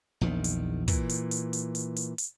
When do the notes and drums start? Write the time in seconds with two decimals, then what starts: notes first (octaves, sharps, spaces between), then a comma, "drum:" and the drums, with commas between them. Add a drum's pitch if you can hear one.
0.21 A#1 E2 D#3
0.44 drum: hi-hat
0.88 A#2 E3, drum: kick, hi-hat
1.09 drum: hi-hat
1.31 drum: hi-hat
1.53 drum: hi-hat
1.75 drum: hi-hat
1.96 drum: hi-hat
2.18 drum: hi-hat